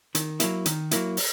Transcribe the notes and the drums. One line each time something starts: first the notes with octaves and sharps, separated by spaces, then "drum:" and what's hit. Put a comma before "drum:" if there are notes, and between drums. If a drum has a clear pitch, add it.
D#3, drum: hi-hat
F#3 A#3 E4, drum: hi-hat
D#3, drum: hi-hat
F#3 A#3 E4, drum: hi-hat
drum: open hi-hat